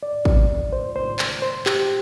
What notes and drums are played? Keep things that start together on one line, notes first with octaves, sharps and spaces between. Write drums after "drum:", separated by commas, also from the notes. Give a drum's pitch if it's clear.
D5
drum: kick
C5
C5
drum: clap
C5
G4, drum: clap